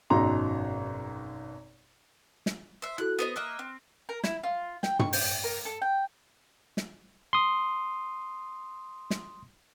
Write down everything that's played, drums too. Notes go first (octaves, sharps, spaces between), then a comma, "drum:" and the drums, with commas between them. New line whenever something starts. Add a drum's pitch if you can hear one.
G#1 F#2 B2 D#4 A#5 C6
drum: snare
C5 E5
E4 F#4 A4 F#6
B3 C5 D#5
A#3 D#5 E5 F6 F#6
C4
A#4
E4, drum: snare
F4
G5, drum: snare
C#6, drum: tom
G5, drum: open hi-hat
A#4
A4
G5
drum: snare
C6 D#6
drum: snare